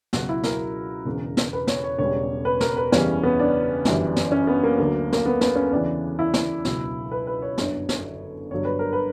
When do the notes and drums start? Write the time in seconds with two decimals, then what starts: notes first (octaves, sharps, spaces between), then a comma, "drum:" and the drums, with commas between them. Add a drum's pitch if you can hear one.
0.13 C#2 B2 F#3 F#4, drum: snare
0.29 E4
0.44 A#4, drum: snare
1.05 E1 E2 C#3
1.37 drum: snare
1.53 B4
1.67 C#5, drum: snare
1.84 C#5
1.98 E1 E2 C#3 G3 C#5
2.45 B4
2.61 A#4, drum: snare
2.77 B4
2.92 F#1 E2 C#3 E3 G3 C#4, drum: snare
3.23 B3
3.39 D4
3.85 G1 F#2 E3 G3, drum: snare
4.16 drum: snare
4.32 C#4
4.47 B3
4.63 A#3
4.78 D2 D3 F#3
5.12 A#3, drum: snare
5.26 B3
5.41 B3, drum: snare
5.55 C#4
5.71 E2 C#3 E3 D4
6.19 E4
6.34 drum: snare
6.65 C#2 B2 F#3, drum: snare
7.11 B4
7.27 B4
7.42 C#5
7.58 G1 F#2 D3 F#3, drum: snare
7.89 drum: snare
8.51 G1 G2 F#3 C#5
8.65 B4
8.79 A#4
8.93 B4